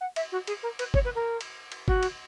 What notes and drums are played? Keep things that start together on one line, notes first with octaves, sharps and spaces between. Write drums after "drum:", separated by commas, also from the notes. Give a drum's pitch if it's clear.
F#5
E5, drum: cymbal
F#4
G#4, drum: cymbal
A#4
B4, drum: cymbal
C#5, drum: kick G1
B4
A#4
drum: cymbal
drum: cymbal
F#4, drum: kick G1
drum: cymbal